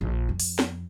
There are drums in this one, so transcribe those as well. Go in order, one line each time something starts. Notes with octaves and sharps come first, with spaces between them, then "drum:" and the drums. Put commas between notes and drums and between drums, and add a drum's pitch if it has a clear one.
A#1
F2
drum: open hi-hat
drum: snare